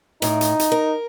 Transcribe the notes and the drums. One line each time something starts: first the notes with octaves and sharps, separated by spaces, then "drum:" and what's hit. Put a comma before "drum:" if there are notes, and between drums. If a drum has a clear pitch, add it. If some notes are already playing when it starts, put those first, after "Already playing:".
A2 D#4, drum: hi-hat
drum: hi-hat
drum: hi-hat
A#4